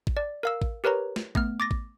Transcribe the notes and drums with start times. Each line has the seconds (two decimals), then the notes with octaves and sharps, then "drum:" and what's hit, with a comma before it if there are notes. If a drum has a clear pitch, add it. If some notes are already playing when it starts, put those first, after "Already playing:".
0.07 drum: kick A1
0.17 D5
0.43 A#4 F5 E6
0.62 drum: kick A1
0.84 G4 A#4 B4 C#5 A#5
1.16 drum: snare
1.35 A3 B3 F6, drum: kick A1
1.60 D6 A6 A#6
1.71 drum: kick A1